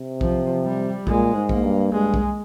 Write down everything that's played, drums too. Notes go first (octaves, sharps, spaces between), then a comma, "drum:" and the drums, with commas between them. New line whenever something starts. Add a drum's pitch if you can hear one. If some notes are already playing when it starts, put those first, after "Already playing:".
Already playing: C3
F3, drum: kick B1
G3
A#2 G#3, drum: kick B1
G#2
A#3, drum: kick B1
G2
G2 G#3
drum: kick B1